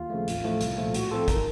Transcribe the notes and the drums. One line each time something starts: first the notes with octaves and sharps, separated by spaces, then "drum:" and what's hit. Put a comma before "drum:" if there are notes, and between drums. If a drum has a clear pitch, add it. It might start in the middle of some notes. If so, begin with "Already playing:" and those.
Already playing: D#2 F4
C#3 F3 A3
A1, drum: hi-hat
A2 F3 A3
C2, drum: hi-hat
A#2 F3 A3
A2 F#4, drum: hi-hat
F3 C4 F4 A4
D#3 A#4, drum: kick A1, hi-hat